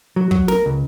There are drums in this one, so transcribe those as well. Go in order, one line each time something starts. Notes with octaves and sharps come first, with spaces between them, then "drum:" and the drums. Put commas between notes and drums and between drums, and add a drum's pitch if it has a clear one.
F#3
F#3, drum: kick
A#4, drum: snare
C#2